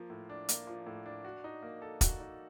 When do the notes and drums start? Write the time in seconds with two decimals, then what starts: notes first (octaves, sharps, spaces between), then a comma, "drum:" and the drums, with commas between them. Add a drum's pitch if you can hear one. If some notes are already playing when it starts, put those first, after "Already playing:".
Already playing: F3 A#3
0.10 A2
0.29 D4
0.49 A#3, drum: hi-hat
0.67 F3
0.87 A2
1.06 D4
1.25 F#4
1.44 D#4
1.63 A#3
1.82 A4
2.01 F#4, drum: kick, hi-hat
2.20 D#4